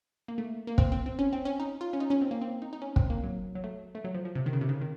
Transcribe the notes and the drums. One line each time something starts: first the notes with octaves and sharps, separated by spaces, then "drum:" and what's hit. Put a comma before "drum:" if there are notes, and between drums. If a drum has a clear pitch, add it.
A#3
A3
A#3
C4, drum: kick
C4
C4
C#4
C4
C#4
D#4
F4
C#4
D#4
C#4
C4
A#3
C4
D#4
D#4
C#4
C4, drum: kick
A#3
F#3
F#3
A3
A3
F#3
F3
F3
C3
D#3
C#3
C3
C#3
D#3